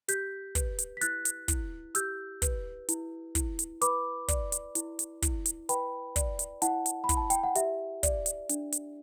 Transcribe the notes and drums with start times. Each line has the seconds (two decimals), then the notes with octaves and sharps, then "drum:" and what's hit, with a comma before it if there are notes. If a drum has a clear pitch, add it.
0.08 G4 G6 B6, drum: hi-hat
0.55 B4, drum: kick, hi-hat
0.79 drum: hi-hat
0.97 B6
1.01 E4 F#6 A6, drum: hi-hat
1.25 drum: hi-hat
1.48 E4, drum: kick, hi-hat
1.95 G4 E6 G6, drum: hi-hat
2.42 B4, drum: kick, hi-hat
2.89 E4, drum: hi-hat
3.35 E4, drum: kick, hi-hat
3.59 drum: hi-hat
3.82 B4 B5 D6, drum: hi-hat
4.28 D5, drum: kick, hi-hat
4.52 drum: hi-hat
4.75 E4, drum: hi-hat
4.99 drum: hi-hat
5.22 E4, drum: kick, hi-hat
5.46 drum: hi-hat
5.69 B4 G5 B5, drum: hi-hat
6.16 D5, drum: kick, hi-hat
6.39 drum: hi-hat
6.62 E4 F#5 A5, drum: hi-hat
6.86 drum: hi-hat
7.04 B5
7.09 E4, drum: kick, hi-hat
7.17 A5
7.30 G5, drum: hi-hat
7.43 F#5
7.55 G4 E5, drum: hi-hat
8.03 D5, drum: kick, hi-hat
8.26 drum: hi-hat
8.49 D4, drum: hi-hat
8.72 drum: hi-hat